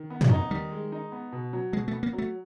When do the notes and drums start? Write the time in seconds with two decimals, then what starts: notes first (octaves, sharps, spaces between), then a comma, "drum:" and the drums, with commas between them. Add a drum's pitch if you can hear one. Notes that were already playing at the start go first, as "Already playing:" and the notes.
Already playing: D#3
0.10 B3
0.21 F#3, drum: tom
0.31 D#4
0.51 D#3 G3
0.71 G#3
0.92 D#4
1.12 B3
1.32 B2
1.53 F#3
1.73 B2 G#3
1.88 A3
1.93 B3
2.03 A#3
2.13 F#3
2.18 A3